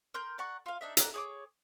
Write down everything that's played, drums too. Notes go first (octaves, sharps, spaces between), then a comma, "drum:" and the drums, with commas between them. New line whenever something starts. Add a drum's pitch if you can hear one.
A#4 C6 G6
D5 F#5 A#5 C#6
F4 F5
D4 D#4 E5
A4 A#4 D5 F#5, drum: hi-hat
G#4 C#5 D6